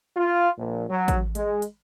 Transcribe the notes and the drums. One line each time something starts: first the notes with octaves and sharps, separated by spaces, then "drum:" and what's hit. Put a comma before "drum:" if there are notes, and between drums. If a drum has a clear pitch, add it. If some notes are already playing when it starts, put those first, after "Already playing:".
F4
A#1
F#3
drum: kick A1, hi-hat
G#3, drum: hi-hat
drum: hi-hat